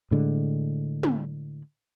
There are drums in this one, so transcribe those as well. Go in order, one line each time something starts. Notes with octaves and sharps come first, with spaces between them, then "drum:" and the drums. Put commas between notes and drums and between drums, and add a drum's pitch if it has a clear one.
A2 D3 G#3
drum: tom